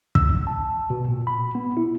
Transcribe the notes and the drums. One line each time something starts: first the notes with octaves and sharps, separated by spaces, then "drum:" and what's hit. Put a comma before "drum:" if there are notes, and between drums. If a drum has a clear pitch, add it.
E6, drum: kick
A#1
A5
B2
A#2
B5
B3
E4